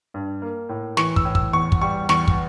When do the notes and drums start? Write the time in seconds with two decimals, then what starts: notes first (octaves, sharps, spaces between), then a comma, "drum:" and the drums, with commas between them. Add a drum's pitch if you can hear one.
0.14 G2
0.42 A#3
0.69 A2
0.97 E3 C#6, drum: snare
1.16 E6, drum: kick
1.25 A2
1.35 E6, drum: kick
1.53 E2 C#6
1.72 drum: kick
1.81 G3 C#6
2.09 E2 C#6, drum: snare
2.28 drum: kick